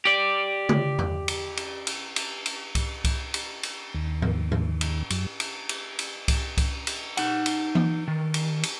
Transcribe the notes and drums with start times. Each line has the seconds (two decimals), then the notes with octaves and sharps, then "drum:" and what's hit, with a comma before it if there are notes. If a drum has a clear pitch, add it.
0.05 G4 D5
0.69 drum: tom
0.99 drum: tom E2
1.28 drum: cymbal
1.57 drum: cymbal
1.87 drum: cymbal
2.16 drum: cymbal
2.46 drum: cymbal
2.75 drum: kick C2, cymbal
3.04 drum: kick C2, cymbal
3.34 drum: cymbal
3.63 drum: cymbal
3.94 D#2
4.22 drum: tom G#2
4.52 drum: tom G#2
4.81 drum: cymbal
5.10 F#2, drum: cymbal
5.40 drum: cymbal
5.69 drum: cymbal
5.99 drum: cymbal
6.28 drum: kick C2, cymbal
6.57 drum: kick C2, cymbal
6.87 drum: cymbal
7.17 D#4 F#5, drum: cymbal
7.46 drum: cymbal
7.75 drum: tom E3
8.08 D#3
8.34 drum: cymbal
8.63 drum: cymbal